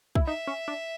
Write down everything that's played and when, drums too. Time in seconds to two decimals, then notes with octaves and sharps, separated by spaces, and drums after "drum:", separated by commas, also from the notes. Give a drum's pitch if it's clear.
0.15 E4, drum: kick
0.26 D#4 E5
0.47 C#4
0.68 D4